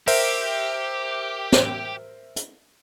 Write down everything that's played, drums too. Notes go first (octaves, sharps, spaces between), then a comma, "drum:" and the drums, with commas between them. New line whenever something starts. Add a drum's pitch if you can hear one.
G4 A#4 C5 E5, drum: open hi-hat
drum: snare
drum: hi-hat